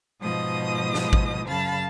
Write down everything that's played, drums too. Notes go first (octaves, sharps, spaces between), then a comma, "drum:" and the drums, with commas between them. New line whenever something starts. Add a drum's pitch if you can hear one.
G#2 B2 F3 D#5 D#6
drum: snare
drum: kick G#1
F#2 C#3 F5 A5 B5 A6